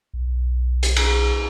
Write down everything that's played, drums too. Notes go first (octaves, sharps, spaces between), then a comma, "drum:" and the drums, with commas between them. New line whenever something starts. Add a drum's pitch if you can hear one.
B1
drum: hi-hat
drum: cymbal